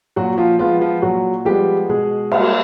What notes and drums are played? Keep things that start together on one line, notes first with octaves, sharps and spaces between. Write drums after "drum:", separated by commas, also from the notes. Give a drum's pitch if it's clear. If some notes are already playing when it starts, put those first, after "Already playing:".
A#2 F#3 F#4
F3 F4
F3 G#3 B3 F4
F3 F4
A#2 F#3 F#4
F3 G3 G#3 B3 G4
B2 G#3 G#4
G3 A#3, drum: cymbal